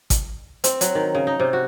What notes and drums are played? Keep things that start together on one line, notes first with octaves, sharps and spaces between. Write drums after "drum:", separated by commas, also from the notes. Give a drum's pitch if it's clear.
drum: kick G#1, hi-hat
C4, drum: hi-hat
F#3, drum: hi-hat
D#3
C#3
D#4
C3
F#4